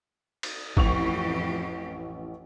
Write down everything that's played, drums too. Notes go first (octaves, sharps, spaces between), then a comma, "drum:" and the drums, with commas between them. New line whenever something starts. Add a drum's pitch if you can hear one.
drum: cymbal
A1 F2 E3 G4 C#6 F7, drum: kick G#1